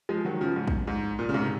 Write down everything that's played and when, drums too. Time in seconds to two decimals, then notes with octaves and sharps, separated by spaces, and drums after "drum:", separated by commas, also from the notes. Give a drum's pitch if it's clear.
0.09 F3 G#3
0.25 D#3 F#3
0.41 C#3 F3
0.56 G#2
0.67 drum: kick
0.87 G#2
1.19 A#2
1.29 C#3
1.34 G#2 C3